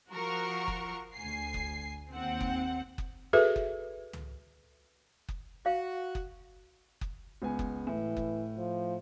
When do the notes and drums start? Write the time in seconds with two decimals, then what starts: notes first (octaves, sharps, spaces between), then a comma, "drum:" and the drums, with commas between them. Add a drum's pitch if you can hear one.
0.11 F3 F#4 A#4 C#6
0.68 drum: kick F#1
1.15 D2 G#5 C7
1.54 drum: kick F#1
2.12 D#2 C4 F#5
2.40 drum: kick F#1
2.98 drum: kick F#1
3.33 F#4 G#4 A4 B4 E5
3.56 drum: kick F#1
4.13 drum: tom
5.29 drum: kick F#1
5.66 F#4 F5
6.15 drum: kick F#1
7.01 drum: kick F#1
7.42 C#2 B3 G#5
7.59 drum: kick F#1
7.87 A2 E3
8.17 drum: kick F#1
8.58 F3